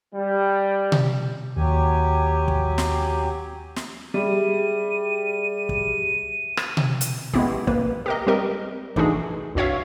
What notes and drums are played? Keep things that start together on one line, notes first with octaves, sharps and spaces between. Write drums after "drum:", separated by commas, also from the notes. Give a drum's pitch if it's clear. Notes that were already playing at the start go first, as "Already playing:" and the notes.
G3
drum: tom B2
D#2 F#3 G4 G#5
drum: kick
drum: snare
drum: snare
G3 G#4 E5 D#7
drum: kick
drum: rim click
drum: tom B2
drum: hi-hat
G#3 A3 B3 E4 G4, drum: kick
A#3 B4, drum: kick
G4 A#4 D#5
G3 C4 G4 A#4 D#5
E3 A3 D4 D#4 F#4 G#4, drum: kick
C2 G2 F#4 C#5 E5 F5